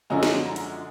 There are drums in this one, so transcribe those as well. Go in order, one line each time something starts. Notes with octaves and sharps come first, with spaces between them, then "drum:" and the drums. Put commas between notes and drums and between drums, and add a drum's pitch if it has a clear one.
F#2 D3 F3 G#3 C#4 A#5
drum: snare
A#5
drum: hi-hat